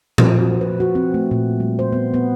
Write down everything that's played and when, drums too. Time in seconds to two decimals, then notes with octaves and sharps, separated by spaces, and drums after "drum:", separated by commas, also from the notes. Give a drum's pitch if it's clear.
0.18 F3, drum: tom A#2
0.39 F#4
0.61 B4
0.80 F#4
0.95 C4
1.14 A3
1.31 A#2
1.60 G3
1.79 C5
1.92 B3
2.14 B3